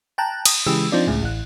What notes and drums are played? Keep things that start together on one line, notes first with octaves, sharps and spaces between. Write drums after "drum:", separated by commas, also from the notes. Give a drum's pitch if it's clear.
G5 A5 A#5 F#6
D#6, drum: cymbal
C#3 E3 G#3 G4 E6
F3 C4 D4 D#4 F4 D5
C#2 A2 C#3
A1 F#6